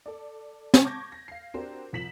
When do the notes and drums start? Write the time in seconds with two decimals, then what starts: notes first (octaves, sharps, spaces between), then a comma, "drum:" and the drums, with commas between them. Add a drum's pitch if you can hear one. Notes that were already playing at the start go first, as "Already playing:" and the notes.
0.06 A4 D5
0.74 drum: snare
0.83 A5 C#6 D6 G6 G#6 A#6
1.12 A#6
1.28 F5 C7
1.54 C4 D4 F#4 G4 A#4 C5
1.93 C2 F3 B6 E7 F#7